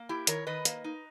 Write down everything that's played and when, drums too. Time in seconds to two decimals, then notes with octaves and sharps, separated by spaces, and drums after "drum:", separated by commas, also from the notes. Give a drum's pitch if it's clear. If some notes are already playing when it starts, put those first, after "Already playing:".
Already playing: A#3
0.09 E4 G4
0.27 D#3 A#4 C#5, drum: hi-hat
0.47 D#3 B4 D#5
0.65 A#3, drum: hi-hat
0.84 D#4